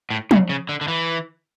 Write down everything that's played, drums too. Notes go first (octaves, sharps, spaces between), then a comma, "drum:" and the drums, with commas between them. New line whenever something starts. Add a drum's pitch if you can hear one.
A2
C#3, drum: tom
C#3
D3
D3
E3